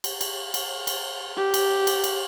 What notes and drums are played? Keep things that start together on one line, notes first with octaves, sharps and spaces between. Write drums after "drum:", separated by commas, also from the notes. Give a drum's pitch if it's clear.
drum: cymbal
drum: cymbal
drum: cymbal
drum: cymbal
G4
drum: cymbal
drum: cymbal
drum: cymbal